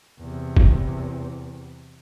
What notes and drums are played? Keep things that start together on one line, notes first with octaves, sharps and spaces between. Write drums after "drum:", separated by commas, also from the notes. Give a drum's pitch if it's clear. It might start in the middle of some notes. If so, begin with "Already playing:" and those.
E2 C3
drum: kick